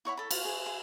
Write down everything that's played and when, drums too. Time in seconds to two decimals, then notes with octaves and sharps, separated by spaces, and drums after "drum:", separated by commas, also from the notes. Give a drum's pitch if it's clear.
0.05 E4 C#5 F#5 B5
0.17 A4 B5
0.31 F4, drum: cymbal
0.45 G#4
0.66 G#4